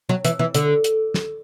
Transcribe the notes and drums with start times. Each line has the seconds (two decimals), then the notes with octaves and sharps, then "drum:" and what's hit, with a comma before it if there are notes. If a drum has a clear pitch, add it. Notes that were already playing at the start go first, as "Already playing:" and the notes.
0.09 F#3
0.25 E3, drum: hi-hat
0.39 E3
0.54 D3, drum: hi-hat
0.84 drum: hi-hat
1.14 drum: snare